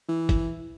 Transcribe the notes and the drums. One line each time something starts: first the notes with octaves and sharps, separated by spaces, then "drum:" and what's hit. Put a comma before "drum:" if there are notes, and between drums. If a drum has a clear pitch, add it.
E3
drum: kick, hi-hat